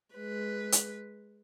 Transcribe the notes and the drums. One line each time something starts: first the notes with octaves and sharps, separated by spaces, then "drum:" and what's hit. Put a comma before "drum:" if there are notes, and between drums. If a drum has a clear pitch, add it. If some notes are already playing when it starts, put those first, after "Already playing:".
G#3 B4
drum: hi-hat